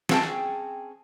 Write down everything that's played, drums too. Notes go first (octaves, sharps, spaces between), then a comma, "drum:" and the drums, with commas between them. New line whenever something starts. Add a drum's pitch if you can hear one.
C4 C#4 G#4 F5 G5 A5, drum: snare